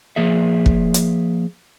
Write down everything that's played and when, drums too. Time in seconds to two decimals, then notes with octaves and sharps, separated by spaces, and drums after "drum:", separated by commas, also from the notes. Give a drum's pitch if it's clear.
0.16 F3 A#3 G#4 E5
0.66 drum: kick
0.94 drum: hi-hat